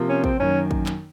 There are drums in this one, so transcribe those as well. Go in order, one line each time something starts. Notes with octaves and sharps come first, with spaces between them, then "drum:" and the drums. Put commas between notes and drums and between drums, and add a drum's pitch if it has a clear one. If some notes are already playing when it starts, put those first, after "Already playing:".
Already playing: C3 F3 A#3 F4
C#4
C4, drum: kick
F#2 D#3 A#3 C#4
drum: kick
drum: clap